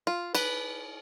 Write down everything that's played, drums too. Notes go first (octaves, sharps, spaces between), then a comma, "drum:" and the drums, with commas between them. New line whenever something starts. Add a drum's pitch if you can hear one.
F4
B4, drum: cymbal